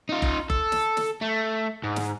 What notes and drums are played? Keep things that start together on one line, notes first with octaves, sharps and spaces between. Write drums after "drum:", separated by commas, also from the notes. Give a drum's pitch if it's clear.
D#4 F4
drum: kick F#1
A4, drum: kick F#1
drum: snare
drum: snare
A3
G#2
drum: snare